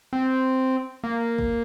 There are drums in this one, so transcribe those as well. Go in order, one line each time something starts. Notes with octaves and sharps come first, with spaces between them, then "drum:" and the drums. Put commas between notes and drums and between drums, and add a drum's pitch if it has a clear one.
C4
A#3
drum: kick